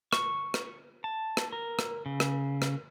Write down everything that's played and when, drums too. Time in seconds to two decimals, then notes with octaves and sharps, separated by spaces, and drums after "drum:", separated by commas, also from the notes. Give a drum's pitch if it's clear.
0.13 C#6, drum: rim click
0.54 drum: rim click
1.04 A5
1.37 drum: rim click
1.52 A#4
1.79 drum: rim click
2.06 C#3
2.20 drum: rim click
2.62 drum: rim click